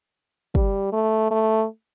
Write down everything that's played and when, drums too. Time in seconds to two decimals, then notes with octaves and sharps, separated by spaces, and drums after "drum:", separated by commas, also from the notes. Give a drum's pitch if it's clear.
0.55 G3, drum: kick
0.92 A3
1.31 A3